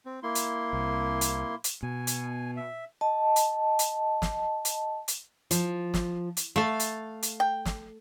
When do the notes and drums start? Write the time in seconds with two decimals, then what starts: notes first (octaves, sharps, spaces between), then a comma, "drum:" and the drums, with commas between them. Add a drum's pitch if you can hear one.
0.06 C4
0.23 A#3 E4 C6
0.35 drum: hi-hat
0.73 C2
1.21 drum: hi-hat
1.64 drum: hi-hat
1.83 B2 G#5
2.07 drum: hi-hat
2.57 E5
3.01 D#5 A5
3.36 drum: hi-hat
3.79 drum: hi-hat
4.22 drum: snare
4.65 drum: hi-hat
5.08 drum: hi-hat
5.51 F3, drum: hi-hat
5.94 drum: snare
6.37 drum: hi-hat
6.56 A3 A4 F5
6.80 drum: hi-hat
7.23 drum: hi-hat
7.40 G5
7.65 drum: snare